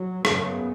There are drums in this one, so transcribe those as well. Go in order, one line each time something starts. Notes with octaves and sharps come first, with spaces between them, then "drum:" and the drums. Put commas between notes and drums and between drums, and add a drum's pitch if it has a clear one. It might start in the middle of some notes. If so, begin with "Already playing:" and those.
Already playing: F#3
F#2 C#3 B3, drum: rim click